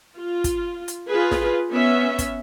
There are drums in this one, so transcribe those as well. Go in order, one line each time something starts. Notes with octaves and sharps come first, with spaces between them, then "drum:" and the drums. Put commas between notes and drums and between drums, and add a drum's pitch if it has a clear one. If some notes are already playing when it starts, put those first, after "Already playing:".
F4
drum: kick, hi-hat
drum: hi-hat
F4 G#4 B4
drum: snare
B3 C#4 E5
drum: kick, hi-hat